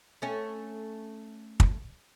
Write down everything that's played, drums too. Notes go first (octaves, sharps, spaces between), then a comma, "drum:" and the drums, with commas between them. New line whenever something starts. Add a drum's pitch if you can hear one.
A3 C#4
drum: kick